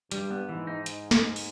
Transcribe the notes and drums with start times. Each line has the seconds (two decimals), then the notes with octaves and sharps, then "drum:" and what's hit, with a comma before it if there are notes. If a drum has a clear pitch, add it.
0.11 G2 G3, drum: hi-hat
0.31 B3
0.48 G#2 E3
0.67 D#4
0.86 drum: hi-hat
1.11 drum: snare
1.36 drum: open hi-hat